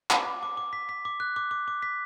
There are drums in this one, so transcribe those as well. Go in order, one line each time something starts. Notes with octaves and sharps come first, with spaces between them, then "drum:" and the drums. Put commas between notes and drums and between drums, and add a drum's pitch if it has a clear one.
D6, drum: clap
D6
D6
D6
B6
B6
D6
F#6
D6
D6
D6
B6